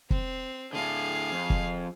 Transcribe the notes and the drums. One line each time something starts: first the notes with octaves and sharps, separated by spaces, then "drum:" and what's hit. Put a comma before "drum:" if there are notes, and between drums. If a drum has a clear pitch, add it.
C4, drum: kick
A2 D3 G#4 F5
F2
drum: kick